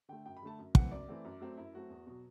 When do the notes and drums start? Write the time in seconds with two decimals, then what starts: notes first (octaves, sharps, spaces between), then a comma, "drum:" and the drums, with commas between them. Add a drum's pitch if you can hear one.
0.09 D3 A3 G5
0.26 F#2 G5
0.37 B5
0.42 D3 A3 A5
0.59 F#2
0.75 E3 A3 C4 F#5, drum: kick
0.92 F#2 D5
1.08 E3 A3 C4
1.25 F#2
1.41 F#3 A3 C4
1.57 F#2 E4
1.74 F#3 A3 C4 F#4
1.90 E2
2.07 B2 F#3